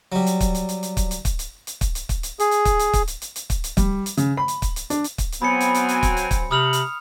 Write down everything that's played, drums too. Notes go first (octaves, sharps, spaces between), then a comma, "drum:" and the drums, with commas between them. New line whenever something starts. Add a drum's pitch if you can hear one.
F#3 G3
drum: hi-hat
drum: kick, hi-hat
drum: hi-hat
drum: hi-hat
drum: hi-hat
drum: kick, hi-hat
drum: hi-hat
drum: kick, hi-hat
drum: hi-hat
drum: hi-hat
drum: kick, hi-hat
drum: hi-hat
drum: kick, hi-hat
drum: hi-hat
G#4, drum: hi-hat
drum: hi-hat
drum: kick, hi-hat
drum: hi-hat
drum: kick, hi-hat
drum: hi-hat
drum: hi-hat
drum: hi-hat
drum: kick, hi-hat
drum: hi-hat
G3, drum: kick, hi-hat
drum: hi-hat
C#3, drum: hi-hat
B5
drum: hi-hat
drum: kick, hi-hat
drum: hi-hat
D4, drum: hi-hat
drum: hi-hat
drum: kick, hi-hat
drum: hi-hat
F#3 B3 C4 G#5 B5 C#7
drum: hi-hat
drum: hi-hat
drum: hi-hat
drum: kick, hi-hat
drum: hi-hat
drum: kick, hi-hat
C3 B5 D#6 F6 F7
drum: hi-hat